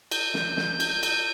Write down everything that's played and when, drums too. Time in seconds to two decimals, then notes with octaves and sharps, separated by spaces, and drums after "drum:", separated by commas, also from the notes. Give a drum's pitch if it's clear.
0.11 G6, drum: cymbal
0.34 drum: snare
0.57 drum: snare
0.80 drum: cymbal
1.03 drum: cymbal